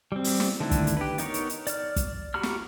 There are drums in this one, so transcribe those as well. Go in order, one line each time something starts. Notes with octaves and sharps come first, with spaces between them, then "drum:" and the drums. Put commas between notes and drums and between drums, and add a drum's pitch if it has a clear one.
G3 C4
drum: open hi-hat
drum: snare
D3 D#3 A3 D4 E4
drum: kick, hi-hat
drum: hi-hat
G4 B4
B3 D#4 A#4 C#5, drum: hi-hat
drum: hi-hat
drum: hi-hat
D5 F6, drum: hi-hat
drum: kick, hi-hat
F#4 G4 A#5 B5 F6
drum: snare